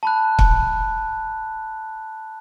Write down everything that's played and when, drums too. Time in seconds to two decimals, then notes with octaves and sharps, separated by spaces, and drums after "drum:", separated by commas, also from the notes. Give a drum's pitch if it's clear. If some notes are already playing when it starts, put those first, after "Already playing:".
0.03 A5 B5 F#6
0.39 drum: kick